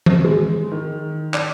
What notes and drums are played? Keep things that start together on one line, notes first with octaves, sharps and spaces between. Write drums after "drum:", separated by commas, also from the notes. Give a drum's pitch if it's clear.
drum: tom E3
G#3
D#3
D5, drum: clap